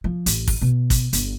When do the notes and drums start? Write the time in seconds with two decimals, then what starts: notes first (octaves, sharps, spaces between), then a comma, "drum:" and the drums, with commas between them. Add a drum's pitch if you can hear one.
0.04 F3
0.26 A1, drum: hi-hat
0.48 drum: kick, open hi-hat
0.62 B2
0.90 drum: kick, hi-hat
1.13 G1, drum: hi-hat